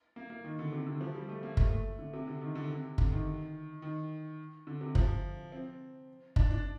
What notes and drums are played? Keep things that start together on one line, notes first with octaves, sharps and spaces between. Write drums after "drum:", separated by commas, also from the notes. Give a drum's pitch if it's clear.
A#3
A#3
D#3
D3
C3
D3
F3
G3
A3
A#3
A3, drum: kick F#1
A3
D3
C3
D3
D#3
D3
C3
D3, drum: kick F#1
D#3
D#3
D3
C3
F3, drum: kick F#1
C4
D4, drum: kick F#1
D4